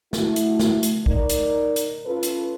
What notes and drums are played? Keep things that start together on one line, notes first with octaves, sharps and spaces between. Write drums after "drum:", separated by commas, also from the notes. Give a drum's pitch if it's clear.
A3 E4 F#4, drum: snare
drum: hi-hat
drum: snare
drum: hi-hat
D#4 A#4 D5, drum: kick
drum: hi-hat
drum: hi-hat
C#4 F4 A4 B4
drum: hi-hat